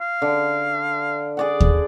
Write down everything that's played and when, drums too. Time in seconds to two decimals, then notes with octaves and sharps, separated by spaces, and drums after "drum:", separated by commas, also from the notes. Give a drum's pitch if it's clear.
0.01 F5
0.22 D3
1.37 G#4 D5 F#5
1.60 drum: kick D#2